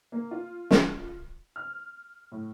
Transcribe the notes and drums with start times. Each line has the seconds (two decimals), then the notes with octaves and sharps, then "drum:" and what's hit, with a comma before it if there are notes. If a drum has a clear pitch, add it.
0.12 A#3
0.31 F4
0.71 drum: snare
1.56 F6
2.32 A2